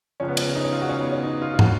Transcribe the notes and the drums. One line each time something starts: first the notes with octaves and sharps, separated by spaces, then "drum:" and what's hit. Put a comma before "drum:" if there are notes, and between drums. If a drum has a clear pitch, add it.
C#2 C#3 F3 C#4
B3
C#4, drum: cymbal
D#4
C#4
F4
F#4
C#4
B3
C#4
D#4
F4
F4
F3 F#4, drum: tom